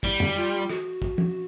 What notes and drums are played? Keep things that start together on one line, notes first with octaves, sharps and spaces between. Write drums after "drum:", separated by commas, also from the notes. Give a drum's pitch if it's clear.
G3 E4, drum: kick
drum: tom
F4
F#4, drum: rim click
drum: kick
drum: tom